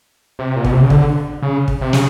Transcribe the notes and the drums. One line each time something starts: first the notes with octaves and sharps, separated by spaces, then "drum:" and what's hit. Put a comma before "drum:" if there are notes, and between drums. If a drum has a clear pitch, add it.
C3
A#2
B2, drum: kick
C3
C#3
D3, drum: kick
C#3
drum: kick
C3
C#3, drum: snare